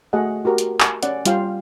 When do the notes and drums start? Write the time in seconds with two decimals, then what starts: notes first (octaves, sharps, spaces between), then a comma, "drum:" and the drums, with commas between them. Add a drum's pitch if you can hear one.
0.13 A3 F#4 G#4 D#5 F#5
0.45 F#4 G4 A#4
0.58 drum: hi-hat
0.80 drum: clap
1.03 C#4 D5 F#5, drum: hi-hat
1.25 G3 F4 F5 G5, drum: hi-hat